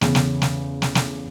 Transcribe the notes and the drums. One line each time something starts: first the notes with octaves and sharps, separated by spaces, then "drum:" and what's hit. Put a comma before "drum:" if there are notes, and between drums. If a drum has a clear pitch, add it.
E2 C#3, drum: snare
drum: snare
drum: snare
drum: snare
drum: snare